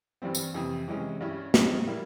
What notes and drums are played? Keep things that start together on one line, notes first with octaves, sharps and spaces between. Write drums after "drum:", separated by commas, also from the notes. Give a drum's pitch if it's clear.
G2 E3 G3 C4
drum: tambourine
F2 C3 E3
C3 E3 G#3 C#4
G2 G3 C#4 E4
G2 F3 G#3 C4, drum: snare
G3 A#3 E4